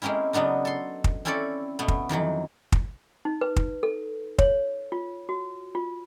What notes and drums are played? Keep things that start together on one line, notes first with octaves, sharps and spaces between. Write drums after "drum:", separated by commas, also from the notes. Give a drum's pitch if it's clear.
G#3 A#3 C4 C#4 E4
C#3 F#3 B3 D4 D#4
A4 C6
drum: kick
C4 C#4 E4 A4 C#5 D5
B2 A3 B3
drum: kick
F2 D#3 E3 F#3
drum: kick
D#4
B4
drum: kick
A4
C#5, drum: kick
F4
F#4
F4